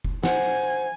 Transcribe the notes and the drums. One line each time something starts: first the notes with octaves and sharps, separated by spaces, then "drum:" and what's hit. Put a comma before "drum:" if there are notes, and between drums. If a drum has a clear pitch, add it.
drum: kick F1
C5 F#5 G#5, drum: snare